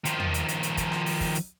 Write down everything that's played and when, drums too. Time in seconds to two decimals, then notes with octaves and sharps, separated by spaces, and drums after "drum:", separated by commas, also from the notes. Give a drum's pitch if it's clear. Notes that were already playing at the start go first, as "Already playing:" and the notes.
0.05 D#3 F3, drum: hi-hat
0.20 drum: tom E2
0.34 drum: hi-hat
0.48 drum: hi-hat
0.63 drum: hi-hat
0.77 drum: kick, hi-hat
0.92 drum: rim click
1.06 drum: open hi-hat
1.21 drum: kick, open hi-hat
1.35 drum: hi-hat